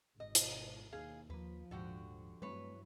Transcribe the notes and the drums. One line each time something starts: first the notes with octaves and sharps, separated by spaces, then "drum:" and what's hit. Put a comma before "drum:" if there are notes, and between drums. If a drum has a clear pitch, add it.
G#1 B2 D#5
drum: hi-hat
D#2 G#4 F5
D#2 F3 A#3 B4
D#1 G#2 D3 F#4 G4
G2 E3 F#3 G3 A3 C4 B4 C#5